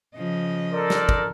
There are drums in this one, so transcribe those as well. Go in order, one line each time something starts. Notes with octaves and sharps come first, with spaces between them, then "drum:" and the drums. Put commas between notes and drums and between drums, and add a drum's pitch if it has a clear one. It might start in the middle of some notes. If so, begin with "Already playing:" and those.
C#3 F3 D#5
A4 A#4 C5 D5
drum: snare
drum: kick